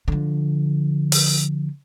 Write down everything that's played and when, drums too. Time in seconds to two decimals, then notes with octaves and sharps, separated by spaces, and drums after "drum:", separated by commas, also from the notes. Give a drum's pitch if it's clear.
0.08 D3 F3
1.12 drum: open hi-hat